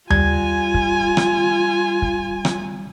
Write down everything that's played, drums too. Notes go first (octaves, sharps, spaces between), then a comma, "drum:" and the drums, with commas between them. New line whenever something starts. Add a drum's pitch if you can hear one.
G3 F4 G#5 G#6, drum: tom D#2
drum: kick
drum: rim click
drum: kick
drum: rim click